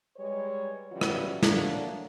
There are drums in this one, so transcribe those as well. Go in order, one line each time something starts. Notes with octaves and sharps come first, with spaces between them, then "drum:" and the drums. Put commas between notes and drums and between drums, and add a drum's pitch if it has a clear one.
G3 G#3 B4 C#5
C#3 E3 F#3 G3 C#4 F4
drum: rim click
F3 F#3 A3 A#3 D4, drum: snare